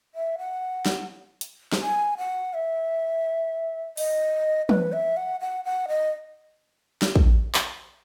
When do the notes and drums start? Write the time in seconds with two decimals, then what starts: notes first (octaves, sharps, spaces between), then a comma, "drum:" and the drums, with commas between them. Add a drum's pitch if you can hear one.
0.15 E5
0.39 F#5
0.86 drum: snare
1.41 drum: hi-hat
1.72 drum: snare
1.82 G#5
2.18 F#5
2.54 E5
3.97 D#5, drum: open hi-hat
4.69 B4, drum: tom
4.93 E5
5.17 F#5
5.40 F#5
5.65 F#5
5.88 D#5
7.02 drum: snare
7.16 drum: kick
7.54 drum: clap